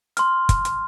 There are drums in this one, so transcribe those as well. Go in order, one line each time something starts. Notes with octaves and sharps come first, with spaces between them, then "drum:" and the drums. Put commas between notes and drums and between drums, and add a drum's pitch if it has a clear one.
C6 F6, drum: hi-hat
drum: kick, hi-hat
drum: hi-hat